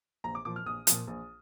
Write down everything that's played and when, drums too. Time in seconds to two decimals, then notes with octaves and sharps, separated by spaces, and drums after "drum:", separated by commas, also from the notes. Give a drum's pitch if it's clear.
0.24 A#1 A#5
0.35 D6
0.45 A#2 F3 D6
0.56 F6
0.66 A#1 D#6
0.87 A#2 F3, drum: hi-hat
1.07 A#1